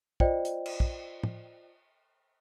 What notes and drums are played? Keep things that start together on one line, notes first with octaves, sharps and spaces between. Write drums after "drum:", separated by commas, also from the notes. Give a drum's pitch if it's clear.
F4 C5 D5 D#5 G5, drum: kick
drum: hi-hat
drum: cymbal
drum: kick
drum: tom